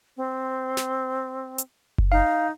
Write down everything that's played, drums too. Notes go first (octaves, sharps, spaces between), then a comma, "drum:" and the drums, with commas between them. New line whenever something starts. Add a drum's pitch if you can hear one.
C4
drum: snare
drum: hi-hat
drum: kick F#1
D#4 F5